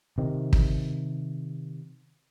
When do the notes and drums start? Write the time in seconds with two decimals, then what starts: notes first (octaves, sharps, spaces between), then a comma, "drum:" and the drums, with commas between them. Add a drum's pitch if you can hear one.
0.18 C3 D#3
0.53 drum: kick